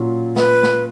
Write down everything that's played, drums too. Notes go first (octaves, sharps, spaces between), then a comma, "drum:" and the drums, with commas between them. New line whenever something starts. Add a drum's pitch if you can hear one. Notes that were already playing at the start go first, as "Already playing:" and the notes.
Already playing: A#2 F#3 C#4 F4
B4, drum: snare
drum: snare